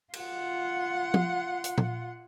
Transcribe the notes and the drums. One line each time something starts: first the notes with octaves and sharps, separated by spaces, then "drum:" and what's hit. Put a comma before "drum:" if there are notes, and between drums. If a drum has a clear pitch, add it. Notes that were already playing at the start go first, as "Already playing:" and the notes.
F4 F#5, drum: cymbal
drum: tom
drum: hi-hat
drum: tom A#2